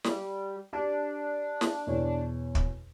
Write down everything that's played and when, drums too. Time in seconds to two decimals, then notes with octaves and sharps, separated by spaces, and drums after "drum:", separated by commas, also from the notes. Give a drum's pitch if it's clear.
0.04 G3, drum: snare
0.73 D4 G4
1.61 drum: snare
1.87 E2 B2 C#5
2.55 drum: kick